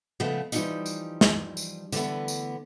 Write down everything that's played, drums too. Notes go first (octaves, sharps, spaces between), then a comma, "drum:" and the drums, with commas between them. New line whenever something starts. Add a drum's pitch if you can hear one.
C#3 F3 G#3 A3 B3
E3 F3 G3 A3 C#4 D#4, drum: tambourine
drum: tambourine
drum: snare
drum: tambourine
D3 E3 A3 B3, drum: tambourine
drum: tambourine